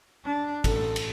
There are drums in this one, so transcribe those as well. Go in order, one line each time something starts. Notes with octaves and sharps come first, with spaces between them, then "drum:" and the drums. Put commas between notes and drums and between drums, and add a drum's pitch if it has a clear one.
D4
A1 A4, drum: kick, cymbal
drum: cymbal